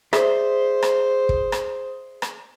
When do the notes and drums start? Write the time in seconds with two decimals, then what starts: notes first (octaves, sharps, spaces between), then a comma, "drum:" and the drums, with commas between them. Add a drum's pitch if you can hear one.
0.13 G#4 C5 D5 E5, drum: rim click
0.83 drum: rim click
1.29 drum: kick
1.52 drum: rim click
2.22 drum: rim click